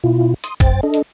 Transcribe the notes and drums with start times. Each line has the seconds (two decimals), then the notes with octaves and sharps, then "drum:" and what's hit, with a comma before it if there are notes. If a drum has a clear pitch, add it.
0.04 B2 E4 F4
0.44 C6 D#6, drum: hi-hat
0.60 F#2 C5 G5 A6, drum: kick, hi-hat
0.83 D4 A4 D#5
0.94 drum: hi-hat